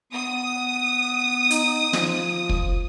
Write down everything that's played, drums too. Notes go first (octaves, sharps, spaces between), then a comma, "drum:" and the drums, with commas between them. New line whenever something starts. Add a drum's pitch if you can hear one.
B3 D#6
D#4, drum: hi-hat
F3, drum: snare
drum: kick